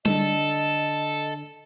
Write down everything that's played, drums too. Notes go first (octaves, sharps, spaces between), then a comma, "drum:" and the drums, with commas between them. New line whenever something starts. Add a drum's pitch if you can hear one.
D3 D4 A4 D#5, drum: tom G3